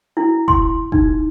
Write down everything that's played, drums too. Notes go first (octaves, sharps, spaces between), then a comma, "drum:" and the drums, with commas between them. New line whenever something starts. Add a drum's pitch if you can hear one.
E4
C6, drum: kick E1
D#4, drum: kick E1